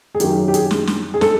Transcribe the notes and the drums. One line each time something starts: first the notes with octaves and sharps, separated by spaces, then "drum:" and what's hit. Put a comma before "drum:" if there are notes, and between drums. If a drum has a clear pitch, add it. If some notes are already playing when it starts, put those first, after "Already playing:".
G#4
F#2 D#3 F#3 G4, drum: hi-hat
G4
G#4, drum: hi-hat
drum: snare
drum: snare
G#4
A4, drum: snare